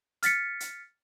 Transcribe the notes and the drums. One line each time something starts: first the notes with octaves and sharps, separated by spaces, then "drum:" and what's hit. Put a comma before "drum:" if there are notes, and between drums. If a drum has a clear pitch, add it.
F6 A6 B6 C#7, drum: hi-hat
drum: hi-hat